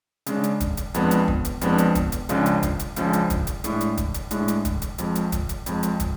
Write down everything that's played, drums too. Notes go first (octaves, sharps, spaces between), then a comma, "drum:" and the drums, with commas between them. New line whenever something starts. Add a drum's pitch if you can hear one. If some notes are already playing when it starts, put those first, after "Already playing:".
C#3 G#3 D4, drum: hi-hat
drum: hi-hat
drum: kick, hi-hat
drum: hi-hat
F2 F3 G#3 B3 D4, drum: hi-hat
drum: hi-hat
drum: kick
drum: hi-hat
F2 F3 G#3 B3 D4, drum: hi-hat
drum: hi-hat
drum: kick, hi-hat
drum: hi-hat
C#2 C#3 F3 G#3 D4, drum: hi-hat
drum: hi-hat
drum: kick, hi-hat
drum: hi-hat
C#2 C#3 F3 G#3 D4, drum: hi-hat
drum: hi-hat
drum: kick, hi-hat
drum: hi-hat
A2 G#3 D4, drum: hi-hat
drum: hi-hat
drum: kick, hi-hat
drum: hi-hat
A2 G#3 D4, drum: hi-hat
drum: hi-hat
drum: kick, hi-hat
drum: hi-hat
F2 F3 G#3, drum: hi-hat
drum: hi-hat
drum: kick, hi-hat
drum: hi-hat
F2 F3 G#3, drum: hi-hat
drum: hi-hat
drum: kick, hi-hat